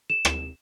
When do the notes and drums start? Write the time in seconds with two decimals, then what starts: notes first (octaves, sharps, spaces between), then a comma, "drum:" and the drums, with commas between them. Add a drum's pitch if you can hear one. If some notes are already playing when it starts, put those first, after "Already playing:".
0.10 E7
0.25 drum: rim click